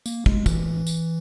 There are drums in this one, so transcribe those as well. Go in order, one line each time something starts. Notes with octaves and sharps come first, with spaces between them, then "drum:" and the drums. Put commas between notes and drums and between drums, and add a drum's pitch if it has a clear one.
A#3, drum: tambourine
G#3, drum: kick
E3, drum: kick, tambourine
drum: tambourine